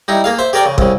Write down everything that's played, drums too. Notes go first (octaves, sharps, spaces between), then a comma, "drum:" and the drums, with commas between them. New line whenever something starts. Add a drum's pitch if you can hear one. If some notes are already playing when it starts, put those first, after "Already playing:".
G3 D#4 E4
A#3 G#4 F5
C5 E5
G4 G#4 A#4 D5 G5 G#5
C#3
C2 C#3, drum: kick